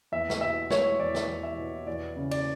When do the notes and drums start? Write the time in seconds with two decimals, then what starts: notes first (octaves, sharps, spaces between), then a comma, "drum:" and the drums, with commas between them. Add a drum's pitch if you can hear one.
0.12 E2 E5
0.30 drum: snare
0.41 B2 E5
0.70 G#3 C#5, drum: snare
0.99 E2 D5
1.15 drum: snare
1.28 E2
1.43 E5
1.58 B2
1.87 E2 D5
2.17 C#3
2.31 D5, drum: cymbal